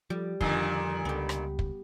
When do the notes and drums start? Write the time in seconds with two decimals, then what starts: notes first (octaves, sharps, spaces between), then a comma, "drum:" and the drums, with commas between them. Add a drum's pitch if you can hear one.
0.10 F3 G3
0.41 F2 A#2 D3 D#3 F3 C6, drum: kick
1.05 C#2 B3 G4
1.29 drum: rim click
1.59 drum: kick